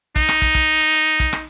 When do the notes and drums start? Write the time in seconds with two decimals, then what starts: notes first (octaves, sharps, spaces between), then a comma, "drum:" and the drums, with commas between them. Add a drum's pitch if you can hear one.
0.16 D#4, drum: kick, hi-hat
0.29 drum: rim click
0.42 drum: kick, hi-hat
0.55 drum: kick, hi-hat
0.81 drum: hi-hat
0.94 drum: hi-hat
1.20 drum: kick, hi-hat
1.33 drum: rim click